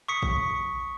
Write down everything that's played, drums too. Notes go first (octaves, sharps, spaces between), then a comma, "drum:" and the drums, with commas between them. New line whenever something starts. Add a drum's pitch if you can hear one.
C#6 D#6 B6 C#7
drum: kick